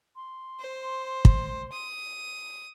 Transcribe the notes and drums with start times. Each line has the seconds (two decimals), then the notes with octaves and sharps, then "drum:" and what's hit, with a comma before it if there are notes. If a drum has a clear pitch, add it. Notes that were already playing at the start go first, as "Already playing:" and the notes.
0.16 C6
0.60 C5
1.25 drum: kick
1.72 D#6